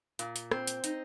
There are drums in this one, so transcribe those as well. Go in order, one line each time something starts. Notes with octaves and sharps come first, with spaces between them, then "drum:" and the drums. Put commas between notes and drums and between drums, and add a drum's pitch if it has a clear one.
A#2, drum: hi-hat
drum: hi-hat
C4, drum: rim click
drum: hi-hat
D#4, drum: hi-hat